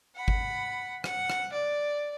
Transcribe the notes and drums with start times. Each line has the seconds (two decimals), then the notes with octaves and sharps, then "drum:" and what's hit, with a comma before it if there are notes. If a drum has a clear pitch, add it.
0.15 F#5 B5
0.28 drum: kick G1
1.04 F#5, drum: rim click
1.30 drum: rim click
1.53 D5